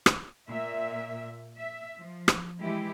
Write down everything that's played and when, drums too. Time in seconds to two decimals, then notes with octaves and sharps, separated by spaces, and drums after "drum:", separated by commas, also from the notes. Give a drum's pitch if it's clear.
0.06 drum: rim click
0.48 A#2 E5
1.60 E5
2.00 F3
2.28 drum: rim click
2.61 E3 G#3 E4 G4